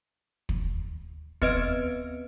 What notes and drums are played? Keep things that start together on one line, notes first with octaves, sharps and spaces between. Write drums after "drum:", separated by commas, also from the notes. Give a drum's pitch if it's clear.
drum: kick
B3 C4 B4 D#5 F6 D7, drum: kick